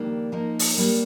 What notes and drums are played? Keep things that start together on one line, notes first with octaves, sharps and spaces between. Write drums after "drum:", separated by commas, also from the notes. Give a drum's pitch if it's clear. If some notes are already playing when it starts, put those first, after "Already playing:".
Already playing: F2 D#3 G3 A#3 D4
F3 A#3 D#4 A#4
drum: open hi-hat
G3 A#3 D4